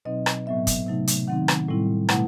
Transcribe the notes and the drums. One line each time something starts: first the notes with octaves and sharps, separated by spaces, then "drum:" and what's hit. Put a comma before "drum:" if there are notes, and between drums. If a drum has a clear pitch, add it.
B2 F#3 C4 D#4 D#5
drum: rim click
A2 F#3 B3 E5
drum: kick, hi-hat
C3 F#3 A3 D#4
drum: hi-hat
D#3 F#3 C4 D#4 F#5
drum: rim click
A2 G3 C4 E4
B2 A3 E4 F#5, drum: rim click